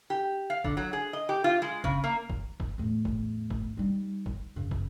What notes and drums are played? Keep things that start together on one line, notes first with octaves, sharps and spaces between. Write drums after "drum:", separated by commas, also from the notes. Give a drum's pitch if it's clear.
G4
F5
D3, drum: kick
F#3
G#4
D#5
G4
F4
G#3
C#3, drum: kick
A#3
drum: kick
drum: kick
E2 A2
drum: kick
drum: kick
G3 D#4
drum: kick
F#2 C#3
drum: kick